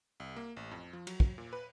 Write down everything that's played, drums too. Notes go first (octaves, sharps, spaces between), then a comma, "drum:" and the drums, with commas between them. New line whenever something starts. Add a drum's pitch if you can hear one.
C2
A#3
A1
F2
F3
F#3, drum: cymbal
drum: kick
A#2
B4